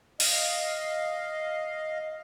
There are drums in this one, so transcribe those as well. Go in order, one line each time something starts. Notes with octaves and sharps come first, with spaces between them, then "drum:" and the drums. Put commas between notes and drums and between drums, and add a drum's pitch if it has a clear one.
D#5 F5, drum: open hi-hat